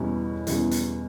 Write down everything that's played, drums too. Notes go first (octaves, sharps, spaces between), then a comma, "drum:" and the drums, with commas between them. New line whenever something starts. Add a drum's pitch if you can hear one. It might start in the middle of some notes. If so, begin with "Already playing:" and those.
Already playing: E2 B2 G3 C#4 E4
E2 B2 G3 C#4 E4, drum: hi-hat
drum: hi-hat